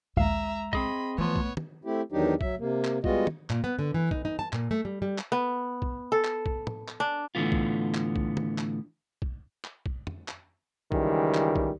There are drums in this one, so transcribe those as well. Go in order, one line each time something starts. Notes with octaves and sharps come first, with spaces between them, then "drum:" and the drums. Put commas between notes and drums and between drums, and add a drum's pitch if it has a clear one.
A#1 D#2 G#3 E5 F5 A#5
C4 G#4 D#5 B5, drum: kick
E3 F3 A3 B3 C#5
drum: kick
drum: tom
A3 C4 E4 G4
E2 D#3 F#3 D4 D#4 G4
F#3 E5, drum: kick
C3 A#3
drum: clap
G3 G#3 B3 F4 F#4 D#5, drum: kick
drum: tom
A#2, drum: clap
B3
D3
E3
D#4, drum: kick
D#4
A5
A#2, drum: clap
A3
G3
G3
drum: clap
B3
drum: kick
A4
drum: clap
drum: kick
drum: tom
drum: clap
D4
A2 D3 E3 B3 F4
drum: kick
drum: clap
drum: kick
drum: tom
drum: clap
drum: kick
drum: clap
drum: kick
drum: tom
drum: clap
C#2 D#3 E3 G3, drum: kick
drum: clap
drum: kick